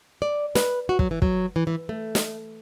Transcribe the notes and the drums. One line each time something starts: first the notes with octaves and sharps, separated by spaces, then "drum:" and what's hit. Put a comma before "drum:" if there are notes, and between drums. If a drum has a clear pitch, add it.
D5
B4, drum: snare
F#4
F#3, drum: kick
E3
F#3, drum: kick
E3
E3
A3
drum: snare